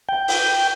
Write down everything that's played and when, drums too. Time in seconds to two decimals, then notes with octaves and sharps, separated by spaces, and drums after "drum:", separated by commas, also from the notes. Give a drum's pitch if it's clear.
0.09 G5
0.28 drum: open hi-hat